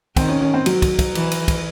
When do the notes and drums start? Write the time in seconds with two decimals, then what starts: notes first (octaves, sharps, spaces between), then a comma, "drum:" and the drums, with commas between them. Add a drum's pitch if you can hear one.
0.16 D#3 C4, drum: kick, cymbal
0.28 C#4
0.41 C#4
0.54 C4
0.66 F#3, drum: cymbal
0.82 drum: kick, cymbal
0.99 drum: kick, cymbal
1.15 E3, drum: cymbal
1.32 drum: cymbal
1.48 drum: kick, cymbal